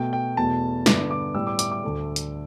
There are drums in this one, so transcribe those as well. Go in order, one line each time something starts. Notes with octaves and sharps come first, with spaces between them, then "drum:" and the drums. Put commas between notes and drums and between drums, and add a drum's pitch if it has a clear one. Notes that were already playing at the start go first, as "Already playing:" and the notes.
Already playing: B2 A3 G5
G5
E2 B2 A3 A5
G2 D3 B3 D6, drum: snare
D6
A2 G3 B3 E6
D6
D6, drum: hi-hat
D6
D2 D3 A3
drum: hi-hat